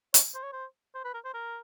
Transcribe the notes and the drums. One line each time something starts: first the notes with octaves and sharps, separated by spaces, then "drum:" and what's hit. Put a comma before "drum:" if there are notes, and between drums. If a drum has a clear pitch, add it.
C#5, drum: hi-hat
C5
C#5
C5
C5
B4
A#4
C5
A#4